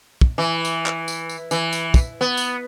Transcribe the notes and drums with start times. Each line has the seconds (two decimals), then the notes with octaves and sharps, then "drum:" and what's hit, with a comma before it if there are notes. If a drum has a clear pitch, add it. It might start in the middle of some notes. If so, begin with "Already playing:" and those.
0.21 drum: kick
0.38 E3
0.65 drum: tambourine
0.86 drum: clap
1.08 drum: tambourine
1.29 drum: tambourine
1.51 E3, drum: tambourine
1.73 drum: tambourine
1.94 drum: kick, tambourine
2.21 B3
2.37 drum: tambourine